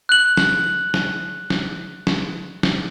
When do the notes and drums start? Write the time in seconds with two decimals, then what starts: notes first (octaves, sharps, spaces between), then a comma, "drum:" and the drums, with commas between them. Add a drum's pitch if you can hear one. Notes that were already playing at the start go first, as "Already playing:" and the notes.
0.09 F#6 F#7
0.37 drum: snare
0.94 drum: snare
1.50 drum: snare
2.07 drum: snare
2.63 drum: snare